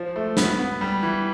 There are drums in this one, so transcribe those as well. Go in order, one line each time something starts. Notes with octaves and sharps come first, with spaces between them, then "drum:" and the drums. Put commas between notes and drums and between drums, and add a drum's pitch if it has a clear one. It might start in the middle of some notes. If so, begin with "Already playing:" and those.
Already playing: F3
A3
B3, drum: snare
B3
G3
E3